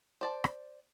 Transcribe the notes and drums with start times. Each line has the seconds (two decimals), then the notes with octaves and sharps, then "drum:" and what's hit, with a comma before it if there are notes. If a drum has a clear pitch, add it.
0.21 C5 D5 A5
0.44 drum: rim click